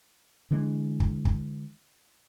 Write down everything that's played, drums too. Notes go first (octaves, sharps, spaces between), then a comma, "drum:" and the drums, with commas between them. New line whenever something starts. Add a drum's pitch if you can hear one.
D3 E3 G#3 D4
drum: kick
drum: kick